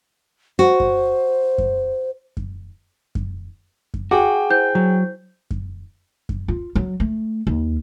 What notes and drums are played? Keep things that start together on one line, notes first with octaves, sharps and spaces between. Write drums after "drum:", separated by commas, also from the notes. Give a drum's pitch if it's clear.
F#4 C5
drum: kick F#2
drum: kick F#2
drum: kick F#2
drum: kick F#2
drum: kick F#2
F#4 G#4 G5 D6
E4 C5 G6
F#3
drum: kick F#2
drum: kick F#2
F4
F#3
A3
D#2